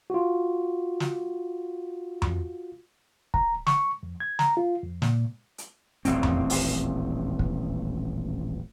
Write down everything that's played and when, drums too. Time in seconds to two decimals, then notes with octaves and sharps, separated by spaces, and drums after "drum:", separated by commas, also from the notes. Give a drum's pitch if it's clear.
0.10 F4 F#4
1.00 drum: snare
2.22 drum: tom F2
3.34 A#5, drum: kick
3.67 C#6, drum: snare
4.03 F2
4.20 G#6
4.39 A#5, drum: snare
4.57 F4
4.84 F2
5.02 A#2, drum: snare
5.58 drum: hi-hat
6.05 D#1 A1 E2 C4, drum: hi-hat
6.23 drum: tom F2
6.50 drum: open hi-hat
7.39 drum: kick